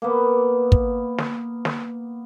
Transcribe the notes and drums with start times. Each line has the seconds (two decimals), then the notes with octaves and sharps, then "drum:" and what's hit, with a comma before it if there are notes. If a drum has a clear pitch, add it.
0.02 A#3 B3
0.72 drum: kick
1.18 drum: snare
1.65 drum: snare